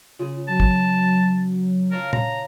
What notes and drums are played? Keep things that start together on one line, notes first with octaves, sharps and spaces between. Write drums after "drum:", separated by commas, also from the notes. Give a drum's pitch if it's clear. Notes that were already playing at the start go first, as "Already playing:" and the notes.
C#3 F4 G#4
F#3 A5
drum: kick
F4 A#4 C#5 A5
A#5, drum: tom A#2